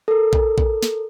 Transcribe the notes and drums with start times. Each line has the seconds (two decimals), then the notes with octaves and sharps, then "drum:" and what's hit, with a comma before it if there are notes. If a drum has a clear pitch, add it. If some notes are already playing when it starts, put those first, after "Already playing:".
0.08 A4 A#4
0.33 drum: kick A#1
0.58 drum: kick A#1
0.83 drum: snare